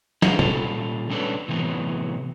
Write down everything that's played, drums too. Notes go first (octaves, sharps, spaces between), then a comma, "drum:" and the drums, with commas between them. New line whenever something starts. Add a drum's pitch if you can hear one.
G#4 B4 D#5 F5 F#5, drum: snare
A#2 G3 G#3 C#4 F4 A4, drum: tom
G3 C#4 D4 A4 B4 C#5
A2 C3 E3 F#3 B3